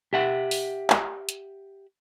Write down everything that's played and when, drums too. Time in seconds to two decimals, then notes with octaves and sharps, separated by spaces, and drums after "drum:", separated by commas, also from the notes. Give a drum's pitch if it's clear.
0.13 G4 E5 F#5
0.51 drum: open hi-hat
0.90 drum: clap
1.29 drum: hi-hat